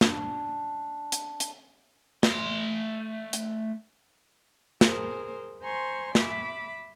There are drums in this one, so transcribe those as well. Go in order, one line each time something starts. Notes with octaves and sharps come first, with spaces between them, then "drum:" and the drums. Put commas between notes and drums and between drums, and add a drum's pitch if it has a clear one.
D4, drum: snare
drum: hi-hat
drum: hi-hat
A3 C6, drum: snare
drum: hi-hat
G#4 A#4 C5, drum: snare
C5 G#5 A#5 C6 C#6
E5 B5 D6, drum: snare